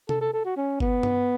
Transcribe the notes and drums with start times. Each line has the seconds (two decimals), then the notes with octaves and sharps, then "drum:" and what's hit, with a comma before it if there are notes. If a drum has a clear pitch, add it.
0.09 A4, drum: tom C3
0.21 A4
0.33 A4
0.45 F#4
0.57 C#4
0.80 B3, drum: kick G1
1.03 drum: tom G2